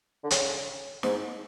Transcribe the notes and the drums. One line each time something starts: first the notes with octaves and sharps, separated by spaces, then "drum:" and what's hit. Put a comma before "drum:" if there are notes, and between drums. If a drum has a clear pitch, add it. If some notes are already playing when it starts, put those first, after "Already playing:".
D3
C#3, drum: hi-hat
G#2, drum: snare